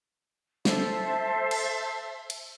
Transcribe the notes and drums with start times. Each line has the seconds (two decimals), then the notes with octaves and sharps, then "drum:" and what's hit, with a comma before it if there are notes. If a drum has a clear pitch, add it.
0.65 A4 C5 E5 A5, drum: snare
1.51 drum: cymbal
2.30 drum: cymbal